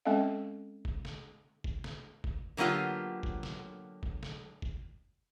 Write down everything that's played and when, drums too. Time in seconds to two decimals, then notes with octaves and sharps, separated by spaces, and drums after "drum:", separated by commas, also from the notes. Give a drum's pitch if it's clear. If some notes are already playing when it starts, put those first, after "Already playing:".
0.05 G#3 C4 C#4 A4 D#5 F5
0.85 drum: kick F1
1.05 drum: snare
1.64 drum: kick F1
1.84 drum: snare
2.24 drum: kick F1
2.57 D3 F#3 A#3 B3 F4 G4
3.23 drum: kick F1
3.43 drum: snare
4.03 drum: kick F1
4.23 drum: snare
4.62 drum: kick F1